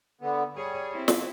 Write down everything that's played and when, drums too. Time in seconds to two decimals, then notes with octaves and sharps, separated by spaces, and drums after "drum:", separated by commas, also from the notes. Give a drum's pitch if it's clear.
0.21 D3 B3
0.55 G3 G#4 C#5
0.92 C4 E4
1.08 drum: snare